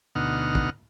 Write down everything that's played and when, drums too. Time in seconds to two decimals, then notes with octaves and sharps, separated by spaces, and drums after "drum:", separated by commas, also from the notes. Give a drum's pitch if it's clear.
0.15 D2 B2 D#4 F#5 F6
0.55 drum: kick